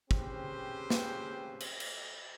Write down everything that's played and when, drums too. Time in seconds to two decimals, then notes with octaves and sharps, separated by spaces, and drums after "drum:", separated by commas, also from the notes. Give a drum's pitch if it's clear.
0.11 C4 C#4 G4 G#4 B4 C5, drum: kick
0.90 drum: snare
1.60 drum: cymbal
1.80 drum: cymbal